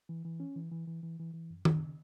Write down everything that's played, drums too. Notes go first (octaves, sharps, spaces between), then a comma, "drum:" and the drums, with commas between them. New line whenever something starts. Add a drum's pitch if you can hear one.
E3
E3
C#4
E3
E3
E3
E3
E3
E3
F#2
F#2, drum: tom D#3
C#3